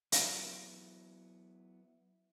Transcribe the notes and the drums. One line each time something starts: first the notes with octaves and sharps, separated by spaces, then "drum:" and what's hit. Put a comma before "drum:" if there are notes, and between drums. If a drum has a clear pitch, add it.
F#3 B3 E4, drum: hi-hat